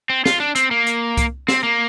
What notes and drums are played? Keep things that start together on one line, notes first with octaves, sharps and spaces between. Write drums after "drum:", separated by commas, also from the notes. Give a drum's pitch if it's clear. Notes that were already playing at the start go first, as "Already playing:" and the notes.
C4
F4, drum: snare
D4
C4, drum: hi-hat
A#3
drum: hi-hat
drum: kick C2, hi-hat
C4, drum: snare
A#3